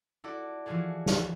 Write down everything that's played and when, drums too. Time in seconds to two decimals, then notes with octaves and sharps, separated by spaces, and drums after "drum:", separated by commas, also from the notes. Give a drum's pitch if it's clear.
0.24 E4 F#4 A4 D5
0.66 E3 F3 F4 F#4 G#4 A4
1.06 drum: snare